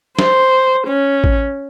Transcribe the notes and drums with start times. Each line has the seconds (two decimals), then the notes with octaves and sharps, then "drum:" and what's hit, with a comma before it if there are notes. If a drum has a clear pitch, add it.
0.19 C5, drum: snare
0.88 C#4
1.24 drum: kick A1